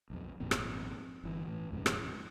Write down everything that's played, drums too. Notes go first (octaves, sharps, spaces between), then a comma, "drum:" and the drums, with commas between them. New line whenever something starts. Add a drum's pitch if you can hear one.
B1 F2
G#1 F2 A#2 C4
drum: rim click
G1 E3
A2 E3
D#1 F2 G#2 C#3
drum: rim click